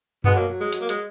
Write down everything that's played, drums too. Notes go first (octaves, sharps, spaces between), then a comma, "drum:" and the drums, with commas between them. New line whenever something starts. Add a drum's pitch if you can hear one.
B2 G#3 B3, drum: tom F#2
F#3 A#3
F#3
G#3
F#3, drum: hi-hat
A#3
G#3, drum: hi-hat